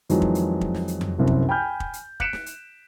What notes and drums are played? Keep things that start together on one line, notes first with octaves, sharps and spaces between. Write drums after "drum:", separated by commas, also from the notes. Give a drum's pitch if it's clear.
F2 D#3 E3 F#3 G#3, drum: hi-hat
drum: kick
drum: hi-hat
drum: kick
drum: snare
drum: hi-hat
drum: tom F2
F1 C2 F#2 C4
drum: kick
G5 G#5 B5 F6 G6
drum: kick
drum: hi-hat
F#6 B6 C#7 D7 E7, drum: kick
drum: snare
drum: hi-hat